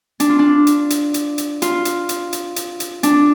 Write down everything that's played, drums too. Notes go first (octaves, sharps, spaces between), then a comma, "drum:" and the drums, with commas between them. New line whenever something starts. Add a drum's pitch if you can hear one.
D4, drum: hi-hat
F4
D4
drum: hi-hat
drum: hi-hat
drum: hi-hat
drum: hi-hat
F4, drum: hi-hat
drum: hi-hat
drum: hi-hat
drum: hi-hat
drum: hi-hat
drum: hi-hat
D4, drum: hi-hat